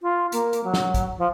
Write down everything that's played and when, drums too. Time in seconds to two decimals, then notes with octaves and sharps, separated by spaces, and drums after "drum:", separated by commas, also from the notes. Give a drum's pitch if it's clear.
0.01 F4
0.32 A#3, drum: hi-hat
0.53 drum: hi-hat
0.63 F#3
0.74 drum: snare
0.94 drum: kick, hi-hat
1.18 F3